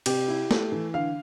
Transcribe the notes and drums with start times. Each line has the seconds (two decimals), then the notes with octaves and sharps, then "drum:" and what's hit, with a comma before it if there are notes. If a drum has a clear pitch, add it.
0.06 C3 G4, drum: cymbal
0.28 E4
0.51 A3, drum: snare
0.72 E3
0.94 D3 F5